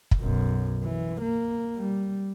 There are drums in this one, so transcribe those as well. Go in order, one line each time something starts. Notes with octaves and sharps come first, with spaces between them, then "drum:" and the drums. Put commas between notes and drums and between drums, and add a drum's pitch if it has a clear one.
drum: kick
B1 F#2
E3
A#3
G3